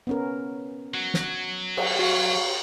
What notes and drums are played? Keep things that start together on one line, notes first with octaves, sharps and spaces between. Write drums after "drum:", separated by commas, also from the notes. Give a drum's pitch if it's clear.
B3 C#4 A#4
F#3
drum: snare
drum: cymbal
F#4 F5